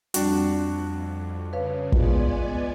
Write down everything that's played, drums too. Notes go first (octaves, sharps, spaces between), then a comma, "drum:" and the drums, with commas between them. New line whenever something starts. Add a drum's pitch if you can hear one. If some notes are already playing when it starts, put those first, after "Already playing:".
F2 G3 D4 F#4, drum: hi-hat
C#3 B4 C#5 F5
G#3 B3 F4 D5 G#5, drum: kick